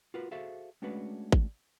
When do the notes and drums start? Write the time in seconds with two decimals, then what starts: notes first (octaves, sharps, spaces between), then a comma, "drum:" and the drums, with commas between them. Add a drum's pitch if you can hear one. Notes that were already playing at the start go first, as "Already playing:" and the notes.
0.14 F4 F#4 A#4 B4
0.31 F#4 G#4 A4 C5 E5 F5
0.82 G#3 A3 C#4 D4 F#4 B4
1.32 drum: kick G#1